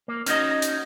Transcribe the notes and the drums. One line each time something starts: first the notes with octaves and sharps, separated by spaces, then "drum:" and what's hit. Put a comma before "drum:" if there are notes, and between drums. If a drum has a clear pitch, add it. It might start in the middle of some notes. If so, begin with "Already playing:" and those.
A#3
C#4 D#4 F#4 D#5, drum: hi-hat
drum: hi-hat